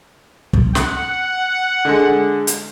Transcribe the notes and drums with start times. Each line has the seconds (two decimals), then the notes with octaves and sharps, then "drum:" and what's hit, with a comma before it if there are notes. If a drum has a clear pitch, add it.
0.53 drum: kick
0.75 F#5, drum: snare
1.85 D3 G#3
2.47 drum: hi-hat